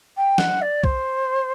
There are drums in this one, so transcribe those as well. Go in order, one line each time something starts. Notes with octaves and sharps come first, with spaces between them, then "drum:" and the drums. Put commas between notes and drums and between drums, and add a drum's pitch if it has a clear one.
G5
F#5, drum: snare
D5
C5, drum: kick